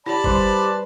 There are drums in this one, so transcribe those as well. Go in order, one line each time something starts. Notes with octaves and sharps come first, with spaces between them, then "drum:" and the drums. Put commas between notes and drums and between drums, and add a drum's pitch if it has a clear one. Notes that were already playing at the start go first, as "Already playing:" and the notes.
E4 G4 D5 A5 B5
G3 B4 C5, drum: kick F#1